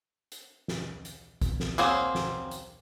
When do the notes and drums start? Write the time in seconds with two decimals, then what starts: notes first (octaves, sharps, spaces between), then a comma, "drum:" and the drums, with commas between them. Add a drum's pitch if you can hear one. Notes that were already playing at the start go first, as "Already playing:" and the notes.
0.32 drum: hi-hat
0.68 drum: snare
1.05 drum: hi-hat
1.41 drum: kick, hi-hat
1.60 drum: snare
1.78 F#3 A#3 C4 G#4, drum: hi-hat
2.15 drum: snare
2.51 drum: hi-hat